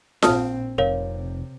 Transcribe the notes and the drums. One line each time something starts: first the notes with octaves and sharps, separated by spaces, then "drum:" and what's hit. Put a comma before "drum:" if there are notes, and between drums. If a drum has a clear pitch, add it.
A#1 C4 A5 D#6 F6, drum: snare F4
F1 C3 A#4 C#5 F5